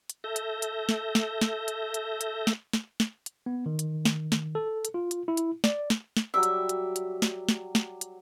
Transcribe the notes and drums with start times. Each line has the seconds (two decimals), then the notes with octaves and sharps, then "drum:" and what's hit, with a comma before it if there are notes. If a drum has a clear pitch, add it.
0.10 drum: hi-hat
0.24 A4 E5 G6 A#6
0.36 drum: hi-hat
0.62 drum: hi-hat
0.89 drum: snare
1.15 drum: snare
1.41 drum: snare
1.68 drum: hi-hat
1.94 drum: hi-hat
2.21 drum: hi-hat
2.47 drum: snare
2.73 drum: snare
3.00 drum: snare
3.26 drum: hi-hat
3.46 B3
3.66 D#3
3.79 drum: hi-hat
4.05 drum: snare
4.32 drum: snare
4.55 A4
4.85 drum: hi-hat
4.94 F4
5.11 drum: hi-hat
5.28 E4
5.37 drum: hi-hat
5.64 D5, drum: snare
5.90 drum: snare
6.17 drum: snare
6.34 F#3 G3 E5 D6
6.43 drum: hi-hat
6.69 drum: hi-hat
6.96 drum: hi-hat
7.22 drum: snare
7.49 drum: snare
7.75 drum: snare
8.01 drum: hi-hat